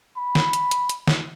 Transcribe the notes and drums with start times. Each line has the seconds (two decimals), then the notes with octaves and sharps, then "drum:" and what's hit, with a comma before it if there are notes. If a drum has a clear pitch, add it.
0.17 B5
0.35 drum: snare
0.53 drum: hi-hat
0.71 drum: hi-hat
0.89 drum: hi-hat
1.07 drum: snare